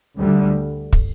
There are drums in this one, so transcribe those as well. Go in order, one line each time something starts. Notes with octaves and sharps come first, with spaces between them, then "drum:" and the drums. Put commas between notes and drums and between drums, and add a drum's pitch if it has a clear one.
D2 D3 G3
drum: kick